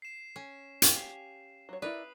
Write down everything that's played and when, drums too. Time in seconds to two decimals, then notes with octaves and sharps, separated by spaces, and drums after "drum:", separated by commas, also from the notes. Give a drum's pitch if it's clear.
0.02 C7 E7
0.36 C#4
0.82 G4 F5 G#5, drum: hi-hat
1.69 F#3 C#5
1.82 E4 A#4 B4 D5 D#6